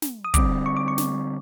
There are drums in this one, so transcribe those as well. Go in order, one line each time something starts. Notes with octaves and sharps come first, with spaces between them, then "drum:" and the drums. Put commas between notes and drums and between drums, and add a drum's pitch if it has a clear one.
drum: snare
D#6
D3 G3 C4 D6, drum: kick, hi-hat
C#6
D6
C#6
drum: snare